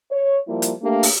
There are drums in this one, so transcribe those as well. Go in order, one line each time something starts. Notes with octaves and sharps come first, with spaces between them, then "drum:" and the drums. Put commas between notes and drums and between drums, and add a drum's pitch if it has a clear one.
C#5
F3 G3 A#3 E4
drum: hi-hat
A3 A#3 D4 G4
drum: open hi-hat